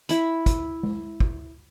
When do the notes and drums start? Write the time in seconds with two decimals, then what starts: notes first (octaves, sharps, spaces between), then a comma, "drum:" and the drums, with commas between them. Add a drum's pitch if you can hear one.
0.09 E4 B5, drum: hi-hat
0.46 drum: kick, hi-hat
0.83 drum: tom G#3
1.20 drum: kick